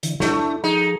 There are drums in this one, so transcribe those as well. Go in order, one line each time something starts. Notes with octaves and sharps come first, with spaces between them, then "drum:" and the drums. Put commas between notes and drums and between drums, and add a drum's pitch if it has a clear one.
D3 E3, drum: hi-hat
A3 D4 E4, drum: snare
F3 D#4 G#4